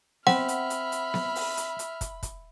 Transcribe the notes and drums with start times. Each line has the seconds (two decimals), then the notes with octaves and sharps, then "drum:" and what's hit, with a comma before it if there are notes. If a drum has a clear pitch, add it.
0.27 C4 E5 F#5 B5 F6, drum: snare B3
0.48 drum: hi-hat
0.70 drum: hi-hat
0.92 drum: hi-hat
1.14 drum: snare B3
1.35 drum: open hi-hat
1.57 drum: hi-hat
1.79 drum: hi-hat
2.01 drum: kick, hi-hat
2.23 drum: kick, hi-hat